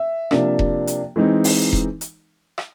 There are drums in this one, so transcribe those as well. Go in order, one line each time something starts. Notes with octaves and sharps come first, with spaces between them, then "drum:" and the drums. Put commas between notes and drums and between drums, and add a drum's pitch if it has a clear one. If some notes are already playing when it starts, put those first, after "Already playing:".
Already playing: E5
C3 F3 A#3 D4, drum: rim click
drum: kick E1
drum: hi-hat
E3 G#3 C4 D#4
drum: open hi-hat
drum: kick E1
drum: hi-hat
drum: rim click